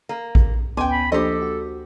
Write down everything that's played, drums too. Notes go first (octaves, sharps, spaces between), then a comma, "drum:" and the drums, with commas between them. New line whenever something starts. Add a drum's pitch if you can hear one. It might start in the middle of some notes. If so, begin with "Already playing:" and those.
A#3
drum: kick A1
D2 B3 C#4 G5 G#5 C6 D6
B5
F3 A#3 D4 G4 A4 C5 D#5
F#4